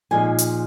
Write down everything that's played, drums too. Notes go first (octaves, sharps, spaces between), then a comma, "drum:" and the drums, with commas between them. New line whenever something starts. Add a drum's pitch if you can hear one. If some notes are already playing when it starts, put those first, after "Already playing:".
A#2 F3 G#3 D#4 G#5
drum: hi-hat